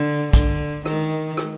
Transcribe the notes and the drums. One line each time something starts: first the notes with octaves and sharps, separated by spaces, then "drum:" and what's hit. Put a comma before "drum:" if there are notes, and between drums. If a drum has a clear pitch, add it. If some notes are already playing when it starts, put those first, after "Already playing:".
Already playing: D3
D3, drum: kick, hi-hat
D#3, drum: rim click
drum: rim click